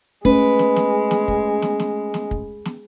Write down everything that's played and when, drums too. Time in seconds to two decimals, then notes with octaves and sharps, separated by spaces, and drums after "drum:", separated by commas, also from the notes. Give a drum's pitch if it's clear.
0.25 G#3 A3 C#4 B4, drum: kick
0.59 drum: snare
0.76 drum: snare
1.11 drum: snare
1.28 drum: kick
1.62 drum: snare
1.80 drum: snare
2.14 drum: snare
2.31 drum: kick
2.65 drum: snare